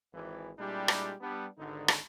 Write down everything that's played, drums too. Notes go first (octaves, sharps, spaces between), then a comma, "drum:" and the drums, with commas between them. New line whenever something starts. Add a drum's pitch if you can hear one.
G#1 E3
A#2 G3 G#3 D4 E4 G4
drum: rim click
G3 B3 D4
G#1 D3 D#4
drum: rim click